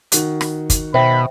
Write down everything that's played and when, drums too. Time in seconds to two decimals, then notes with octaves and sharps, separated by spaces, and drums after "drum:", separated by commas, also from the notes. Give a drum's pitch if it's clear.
0.12 D#3 F#4 F#6, drum: hi-hat
0.41 drum: rim click
0.70 drum: kick, hi-hat
0.94 B2 C5 E5 G5 B5